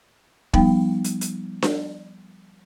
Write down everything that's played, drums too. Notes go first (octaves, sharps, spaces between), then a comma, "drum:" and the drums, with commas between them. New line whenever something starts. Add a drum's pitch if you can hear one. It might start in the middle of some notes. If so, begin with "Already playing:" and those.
F3 G3 B3 D#4 G5, drum: kick
drum: hi-hat
drum: hi-hat
drum: snare D4